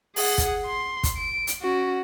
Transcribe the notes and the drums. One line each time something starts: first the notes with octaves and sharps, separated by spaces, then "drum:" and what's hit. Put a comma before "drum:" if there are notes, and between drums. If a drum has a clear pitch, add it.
G#4 F#5, drum: open hi-hat
drum: kick, hi-hat
C6
drum: kick, hi-hat
D7
drum: hi-hat
C#4 F#4